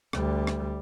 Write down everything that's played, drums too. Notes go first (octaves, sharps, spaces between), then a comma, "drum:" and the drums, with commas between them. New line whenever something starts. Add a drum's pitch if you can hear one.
D2 G3, drum: rim click
drum: rim click